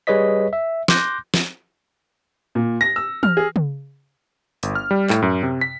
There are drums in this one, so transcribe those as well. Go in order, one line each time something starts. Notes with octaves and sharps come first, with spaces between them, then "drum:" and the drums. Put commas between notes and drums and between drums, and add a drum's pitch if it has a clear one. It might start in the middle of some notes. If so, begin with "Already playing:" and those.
G3 G#4 B4 C#5 D#5 B6
E5
C6 D6 F#6 G6 A#6, drum: snare
drum: snare
A#2
A#6
E6
F6, drum: tom E3
G#4
drum: tom C#3
G1, drum: hi-hat
F6
G3
A2, drum: clap
F#2
C3
B6